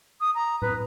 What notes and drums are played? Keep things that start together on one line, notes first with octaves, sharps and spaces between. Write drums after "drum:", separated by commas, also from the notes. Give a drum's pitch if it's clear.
D#6
A#5
B4, drum: tom A2